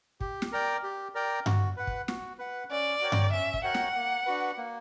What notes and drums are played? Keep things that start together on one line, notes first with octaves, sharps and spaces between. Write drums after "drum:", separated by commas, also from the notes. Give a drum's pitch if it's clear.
G4, drum: kick
drum: snare
A#4 D5 G5
G4
A#4 D5 G5
F#4, drum: tom G2
B4 F#5
drum: kick
F#4, drum: snare
B4 F#5
C#4 D5
F#4 A#4 C#5 G5
drum: tom G2
C#4 E5
drum: kick
F#4 A#4 C#5 F#5 G5
drum: snare
A#3
D4 F#4 B4
A#3